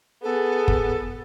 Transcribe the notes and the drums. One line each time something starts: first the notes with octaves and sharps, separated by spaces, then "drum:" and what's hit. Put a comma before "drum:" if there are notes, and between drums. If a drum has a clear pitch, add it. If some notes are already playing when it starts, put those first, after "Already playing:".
B3 G#4 A4
drum: kick F#1